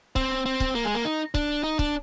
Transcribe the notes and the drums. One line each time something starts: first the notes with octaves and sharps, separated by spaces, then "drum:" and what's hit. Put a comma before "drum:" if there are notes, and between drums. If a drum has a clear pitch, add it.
C4, drum: kick
C4
drum: kick
A#3
G#3
A#3
D#4
D4, drum: kick
D#4
D4, drum: kick